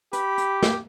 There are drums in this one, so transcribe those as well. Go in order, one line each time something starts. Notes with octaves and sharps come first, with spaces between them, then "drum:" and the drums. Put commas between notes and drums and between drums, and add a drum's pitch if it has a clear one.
G4 B5, drum: hi-hat
drum: hi-hat
drum: snare